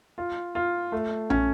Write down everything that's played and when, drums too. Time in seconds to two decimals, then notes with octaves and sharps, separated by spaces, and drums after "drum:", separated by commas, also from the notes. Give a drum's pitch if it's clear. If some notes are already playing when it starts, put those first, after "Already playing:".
0.18 F4
0.55 F4
0.92 A3
1.30 C#4, drum: tom A#1